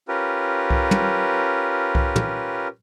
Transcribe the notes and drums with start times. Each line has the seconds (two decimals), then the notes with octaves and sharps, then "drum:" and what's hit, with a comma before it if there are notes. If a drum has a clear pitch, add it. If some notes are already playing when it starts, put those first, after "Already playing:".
0.08 C#4 F4 G4 A#4 B4
0.70 drum: kick C2
0.91 drum: tom
1.95 drum: kick C2
2.16 drum: tom